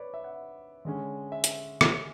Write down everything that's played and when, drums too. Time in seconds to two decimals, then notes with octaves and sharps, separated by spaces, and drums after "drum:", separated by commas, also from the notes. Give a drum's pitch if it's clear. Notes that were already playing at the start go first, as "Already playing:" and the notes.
Already playing: B4 C#5 D5
0.14 E5
0.24 F#5
0.85 D3 G#3 C#4
1.32 E5
1.44 drum: hi-hat
1.81 drum: rim click